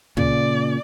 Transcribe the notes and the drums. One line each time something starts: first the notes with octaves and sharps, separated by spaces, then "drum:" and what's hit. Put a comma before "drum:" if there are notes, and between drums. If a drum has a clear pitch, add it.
A#2 C#3 D5, drum: kick